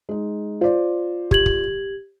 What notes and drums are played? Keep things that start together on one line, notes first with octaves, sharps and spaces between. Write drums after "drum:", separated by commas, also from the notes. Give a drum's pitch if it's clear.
G#3 D#4
F4 C5 D5
G4 G#6 F#7, drum: kick
drum: kick